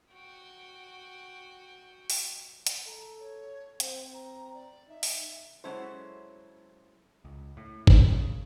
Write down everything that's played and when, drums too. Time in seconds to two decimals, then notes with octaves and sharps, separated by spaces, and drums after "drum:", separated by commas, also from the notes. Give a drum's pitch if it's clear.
0.12 F#4 G5
2.10 drum: open hi-hat
2.67 drum: hi-hat
2.87 A4 A#5
3.19 C#5
3.80 C4 C5, drum: hi-hat
4.13 A#5
4.54 D5
4.89 D#4 E5
5.03 drum: open hi-hat
5.64 F#3 G#3 C#4 E4 A4 C5
7.25 C#2
7.57 A2
7.87 F2, drum: kick
8.08 C#3